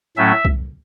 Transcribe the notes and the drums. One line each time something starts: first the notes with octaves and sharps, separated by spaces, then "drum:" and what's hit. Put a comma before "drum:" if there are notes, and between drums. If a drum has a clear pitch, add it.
A2 F#3 A3 C#4 E5
drum: kick C2